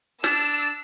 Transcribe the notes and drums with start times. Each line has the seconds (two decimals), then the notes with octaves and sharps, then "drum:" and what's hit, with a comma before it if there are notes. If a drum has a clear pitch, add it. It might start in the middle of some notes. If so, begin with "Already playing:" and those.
0.24 D4 E6, drum: snare